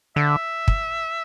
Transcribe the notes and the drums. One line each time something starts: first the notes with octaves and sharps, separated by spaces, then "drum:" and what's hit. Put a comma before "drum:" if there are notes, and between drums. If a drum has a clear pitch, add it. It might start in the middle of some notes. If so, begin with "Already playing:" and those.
D3 E5
drum: kick